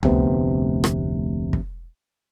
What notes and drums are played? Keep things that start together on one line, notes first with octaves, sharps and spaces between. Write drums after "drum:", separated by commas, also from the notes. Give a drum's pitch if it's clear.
F1 D2 C3 B3, drum: tom C#2
drum: rim click
drum: kick